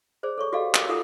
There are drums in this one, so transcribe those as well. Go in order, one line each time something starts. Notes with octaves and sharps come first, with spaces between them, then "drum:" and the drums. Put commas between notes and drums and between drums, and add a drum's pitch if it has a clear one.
G#4 C5 D5
A4 C#5 C#6
F#4 G4 A4 D5 D#5 F5
A#4, drum: clap
D#4 F4 A4 F#5 D#6